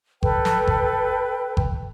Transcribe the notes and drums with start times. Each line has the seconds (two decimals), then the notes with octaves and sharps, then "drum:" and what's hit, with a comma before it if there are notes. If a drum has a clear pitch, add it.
0.23 A4 B4 G5, drum: kick G1
0.45 drum: snare
0.67 drum: kick G1
1.57 drum: kick G1